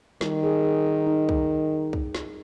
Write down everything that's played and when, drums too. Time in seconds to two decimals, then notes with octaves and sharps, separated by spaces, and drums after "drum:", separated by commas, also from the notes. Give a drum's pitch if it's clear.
0.21 D#3 G3, drum: snare
0.43 G#4
0.64 G#4
0.86 A#4
1.07 D#4
1.29 drum: kick
1.93 drum: kick
2.15 drum: snare